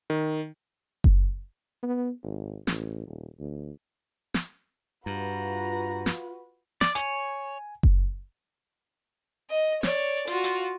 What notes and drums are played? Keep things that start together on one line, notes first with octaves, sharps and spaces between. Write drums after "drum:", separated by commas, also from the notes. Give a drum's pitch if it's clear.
D#3
drum: kick F#1
B3
G#1
A1, drum: snare
D#1
D2
drum: snare
G2 F4 F#4 B4 A#5
drum: snare
D5 D6, drum: snare
C#5 G#5, drum: hi-hat
drum: kick F#1
D#5
C#5 D5, drum: snare
F4 F#4, drum: hi-hat
drum: hi-hat